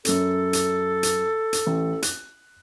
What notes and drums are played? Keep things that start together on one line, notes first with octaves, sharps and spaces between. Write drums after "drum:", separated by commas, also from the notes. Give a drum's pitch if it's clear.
F#2 C#4 A4, drum: hi-hat
drum: hi-hat
drum: hi-hat
drum: hi-hat
A1
F#6, drum: hi-hat